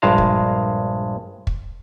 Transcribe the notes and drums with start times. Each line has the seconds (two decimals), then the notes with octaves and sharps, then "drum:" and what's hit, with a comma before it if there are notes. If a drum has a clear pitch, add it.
0.02 A#1 G2 G#3 F5 A5 A#5
0.18 drum: kick
1.47 drum: kick